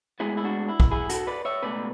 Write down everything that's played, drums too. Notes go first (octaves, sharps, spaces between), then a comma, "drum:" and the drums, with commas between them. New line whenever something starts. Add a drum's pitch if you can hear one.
A2 G#3 B3 E4 G#4
E4
D4 F#4
E4
drum: kick
E4 G#4
F#4 A4, drum: hi-hat
B4 D5
C#5 E5
C#2 B2 A3 B4 D5